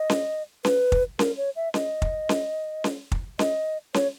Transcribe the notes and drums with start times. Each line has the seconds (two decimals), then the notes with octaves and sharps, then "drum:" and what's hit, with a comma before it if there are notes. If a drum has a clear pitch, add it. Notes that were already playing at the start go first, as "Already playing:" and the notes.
Already playing: D#5
0.10 drum: snare C#4
0.65 B4, drum: snare C#4
0.92 drum: kick
1.19 A#4, drum: snare C#4
1.37 C#5
1.56 E5
1.74 D#5, drum: snare C#4
2.02 drum: kick
2.29 drum: snare C#4
2.84 drum: snare C#4
3.12 drum: kick
3.39 D#5, drum: snare C#4
3.94 C#5, drum: snare C#4